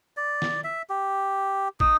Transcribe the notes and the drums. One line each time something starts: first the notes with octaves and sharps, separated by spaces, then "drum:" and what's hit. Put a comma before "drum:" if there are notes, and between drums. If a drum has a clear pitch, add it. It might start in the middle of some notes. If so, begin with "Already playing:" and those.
D5
drum: snare
E5
G4
D#4, drum: kick